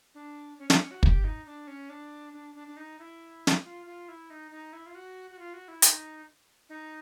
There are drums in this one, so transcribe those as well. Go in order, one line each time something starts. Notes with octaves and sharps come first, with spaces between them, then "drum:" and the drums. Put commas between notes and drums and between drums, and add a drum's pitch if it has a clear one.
D4
C#4
D4, drum: snare
C#4
F#4
G4, drum: kick
D#4
D4
C#4
D4
D4
D4
D4
D#4
E4
drum: snare
F4
F4
E4
D#4
D#4
E4
F4
F#4
F#4
F4
F#4
E4
D#4, drum: hi-hat
D#4